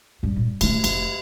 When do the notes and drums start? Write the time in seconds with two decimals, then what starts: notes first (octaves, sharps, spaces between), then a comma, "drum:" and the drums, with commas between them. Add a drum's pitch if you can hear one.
0.23 F#2 G3
0.36 A#2
0.61 A3 E4, drum: cymbal
0.84 F1 A3, drum: cymbal